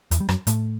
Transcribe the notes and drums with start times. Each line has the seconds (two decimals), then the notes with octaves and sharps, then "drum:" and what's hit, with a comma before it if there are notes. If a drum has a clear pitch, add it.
0.11 E2 E3, drum: hi-hat
0.20 G3
0.29 F#2 F#3, drum: rim click
0.47 A2 A3, drum: hi-hat